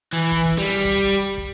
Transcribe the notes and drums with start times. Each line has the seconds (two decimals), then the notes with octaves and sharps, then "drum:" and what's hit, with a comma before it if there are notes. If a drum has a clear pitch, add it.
0.13 E3
0.32 drum: kick
0.45 drum: kick
0.58 G3
0.85 drum: kick
0.98 drum: kick
1.38 drum: kick